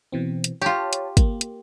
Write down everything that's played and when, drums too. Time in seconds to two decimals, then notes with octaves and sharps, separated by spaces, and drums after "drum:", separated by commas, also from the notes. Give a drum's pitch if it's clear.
0.12 B2 E3 C4
0.44 drum: hi-hat
0.61 F4 G4 C#5 A5
0.93 drum: hi-hat
1.17 A#3, drum: kick, hi-hat
1.41 drum: hi-hat